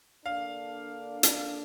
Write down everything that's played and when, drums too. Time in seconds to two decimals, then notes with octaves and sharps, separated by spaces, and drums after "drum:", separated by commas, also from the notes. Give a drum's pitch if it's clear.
0.25 D3 A#3 D4 F5
1.23 drum: hi-hat